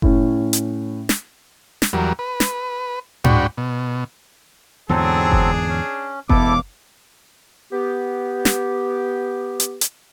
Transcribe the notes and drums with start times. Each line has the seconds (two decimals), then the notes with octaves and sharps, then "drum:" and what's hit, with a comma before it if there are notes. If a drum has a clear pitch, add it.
0.02 A2 C#4, drum: kick F#1
0.53 drum: hi-hat
1.09 drum: snare
1.82 drum: snare
1.93 E2 F#3 G3 A#4
2.19 B4
2.40 drum: snare
3.24 G#2 D4 F#4 G5 B5 C#6, drum: tom A2
3.58 B2
4.89 E2 G#2 D3 F#3 C4 D4 G#4 A4
5.32 drum: kick F#1
5.69 C#4
6.29 E1 B3 E4 A4 F5 D6, drum: kick F#1
7.72 B3 G4
8.45 drum: snare
9.60 drum: hi-hat
9.81 drum: hi-hat